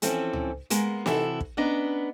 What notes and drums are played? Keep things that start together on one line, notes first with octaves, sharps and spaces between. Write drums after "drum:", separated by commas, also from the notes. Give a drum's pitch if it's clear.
E3 F3 C4 C#4 A4, drum: hi-hat
drum: tom C#2
G#3 A#3 B3, drum: hi-hat
C3 E3 E4 F#4 A4, drum: snare
drum: kick
B3 C#4 D4 B4 D#5 A#5